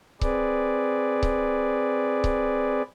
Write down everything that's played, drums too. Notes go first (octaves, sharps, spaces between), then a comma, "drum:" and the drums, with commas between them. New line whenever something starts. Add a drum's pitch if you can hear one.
C4 G#4 B4 D5, drum: kick C#1
drum: kick C#1
drum: kick C#1